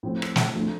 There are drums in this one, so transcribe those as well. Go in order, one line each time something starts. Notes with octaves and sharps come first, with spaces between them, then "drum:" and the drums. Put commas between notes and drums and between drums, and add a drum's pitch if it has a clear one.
A2 F3 C4
drum: rim click
drum: snare
F3 A3 D4